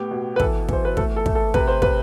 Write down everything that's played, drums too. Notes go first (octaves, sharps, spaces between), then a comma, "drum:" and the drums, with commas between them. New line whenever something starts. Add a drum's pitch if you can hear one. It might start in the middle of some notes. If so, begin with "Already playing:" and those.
Already playing: A2 B3 G4
B2
B4
E3 A4, drum: kick
E3 C5, drum: kick
B4
A3 A4, drum: kick
A4
A3, drum: kick
A4
C3 B4, drum: kick
C5
C3 B4, drum: kick